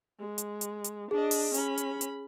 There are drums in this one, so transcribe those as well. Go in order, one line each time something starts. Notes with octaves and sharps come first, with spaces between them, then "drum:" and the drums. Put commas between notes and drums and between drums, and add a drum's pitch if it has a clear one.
G#3
drum: hi-hat
drum: hi-hat
drum: hi-hat
D4 G#4 D#5
drum: open hi-hat
C#4 B5, drum: hi-hat
drum: hi-hat
drum: hi-hat